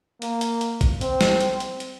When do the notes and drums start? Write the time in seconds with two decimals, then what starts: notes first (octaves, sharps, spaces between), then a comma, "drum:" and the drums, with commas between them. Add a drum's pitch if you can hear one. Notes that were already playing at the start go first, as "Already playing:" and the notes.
0.22 A#3, drum: hi-hat
0.41 drum: hi-hat
0.61 drum: hi-hat
0.81 drum: kick, hi-hat
1.01 C4, drum: hi-hat
1.21 drum: snare
1.41 drum: hi-hat
1.60 drum: hi-hat
1.80 drum: hi-hat